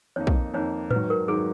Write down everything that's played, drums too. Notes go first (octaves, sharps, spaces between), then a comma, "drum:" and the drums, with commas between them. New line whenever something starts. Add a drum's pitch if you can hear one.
F2 D#3 A#3 D#4 C#5
drum: kick
F2 D#3 A#3 D#4 C#5
G#1 G#2 D#3 F#3 B4, drum: tom A2
A#4
G#2 D#3 F#3 G#4